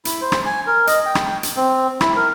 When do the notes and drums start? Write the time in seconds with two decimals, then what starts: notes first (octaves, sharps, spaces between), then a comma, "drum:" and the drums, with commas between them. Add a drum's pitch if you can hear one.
0.05 E4, drum: hi-hat
0.22 C5
0.32 drum: rim click
0.46 G#5
0.67 A#4
0.87 D#5, drum: hi-hat
1.06 G5
1.15 drum: rim click
1.43 drum: hi-hat
1.56 C4
2.01 E4, drum: rim click
2.17 A#4